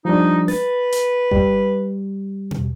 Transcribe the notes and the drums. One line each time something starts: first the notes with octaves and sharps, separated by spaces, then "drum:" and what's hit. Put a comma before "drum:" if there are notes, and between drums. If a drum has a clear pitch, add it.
F3 G3 D4 D#4
B4 A6, drum: snare
drum: hi-hat
G3, drum: kick G1
drum: tom B2